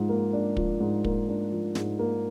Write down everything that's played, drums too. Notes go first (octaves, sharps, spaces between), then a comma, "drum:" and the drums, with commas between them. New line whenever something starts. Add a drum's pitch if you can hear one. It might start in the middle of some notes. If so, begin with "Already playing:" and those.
Already playing: G#2 F3
A#3
D4
F3, drum: kick
G#2
A#3, drum: kick
D4
F3
G#2, drum: snare
A#3